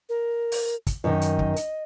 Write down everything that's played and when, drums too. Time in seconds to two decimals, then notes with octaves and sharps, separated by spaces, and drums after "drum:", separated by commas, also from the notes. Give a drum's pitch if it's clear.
0.09 A#4
0.52 drum: open hi-hat
0.87 drum: kick, hi-hat
1.04 F#2 D#3 D#5
1.21 drum: hi-hat
1.39 drum: kick
1.56 drum: hi-hat